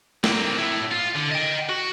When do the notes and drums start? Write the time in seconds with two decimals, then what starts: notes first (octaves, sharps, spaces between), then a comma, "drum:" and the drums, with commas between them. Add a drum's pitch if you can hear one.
0.24 A#3 C4, drum: snare
0.58 A2 E4
0.91 F4
1.15 D3
1.31 D#5 G5
1.69 F#4